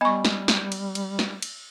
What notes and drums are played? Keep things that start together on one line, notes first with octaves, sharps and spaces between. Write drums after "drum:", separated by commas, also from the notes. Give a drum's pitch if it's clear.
G3 B3 D#5 G#5 B5 C#6
drum: snare
drum: snare
drum: cymbal
drum: cymbal
drum: snare
drum: cymbal